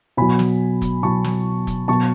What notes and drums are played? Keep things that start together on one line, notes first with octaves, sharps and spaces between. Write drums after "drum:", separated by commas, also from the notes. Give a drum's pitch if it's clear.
B2 F#3 G#5 B5
drum: snare
drum: kick, hi-hat
B2 F#3 A5 C#6
drum: snare
drum: kick, hi-hat
B2 F#3 A5 C#6